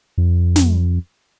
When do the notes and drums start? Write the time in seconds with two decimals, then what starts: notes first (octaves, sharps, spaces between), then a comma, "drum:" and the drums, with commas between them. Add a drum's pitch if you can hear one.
0.18 F2
0.56 drum: snare